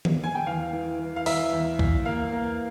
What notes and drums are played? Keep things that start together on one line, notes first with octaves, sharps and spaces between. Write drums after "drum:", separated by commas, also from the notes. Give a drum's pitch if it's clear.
drum: tom D#3
G#5
G5
E2 F5
E3
E3
F5
E3 E5, drum: open hi-hat
E2
E2, drum: kick
A#3 F5
A#3